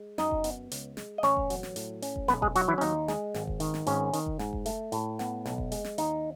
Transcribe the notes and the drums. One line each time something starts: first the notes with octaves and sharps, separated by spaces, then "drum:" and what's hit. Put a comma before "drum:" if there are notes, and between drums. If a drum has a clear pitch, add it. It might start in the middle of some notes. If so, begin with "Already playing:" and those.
Already playing: G#3
F#2 D#4 D#5, drum: snare
drum: kick F1
B3, drum: hi-hat
C#2, drum: hi-hat
G#3, drum: snare
D#5
A1 C#4 C#5, drum: snare
drum: kick F1
F#3, drum: hi-hat
drum: snare
A2, drum: hi-hat
C#4, drum: hi-hat
drum: kick F1
B1 B3 B4, drum: snare
G#3 G#4, drum: kick F1
F#3 F#4, drum: hi-hat
E3 E4
C#4
D#2 D#4, drum: hi-hat
G#3, drum: snare
G#1, drum: snare
drum: kick F1
D#3, drum: hi-hat
drum: snare
G#1 C#4, drum: hi-hat
D#3, drum: hi-hat
drum: kick F1
G#2, drum: snare
drum: kick F1
A3, drum: hi-hat
A2, drum: hi-hat
B3, drum: snare
B1, drum: snare
drum: kick F1
G#3, drum: hi-hat
drum: snare
D#2 D#4, drum: hi-hat